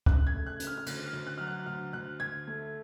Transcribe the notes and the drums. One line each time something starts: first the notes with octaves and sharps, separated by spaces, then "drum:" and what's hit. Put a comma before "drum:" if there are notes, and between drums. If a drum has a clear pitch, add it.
C#3 F#6, drum: kick
G#6
A3
F#6
C#3, drum: hi-hat
F6
F6
D2 F#6, drum: cymbal
F6
D2
F#6
F#3 F6
F#6
D2 F6
D2 F#6
D2 G#6
A3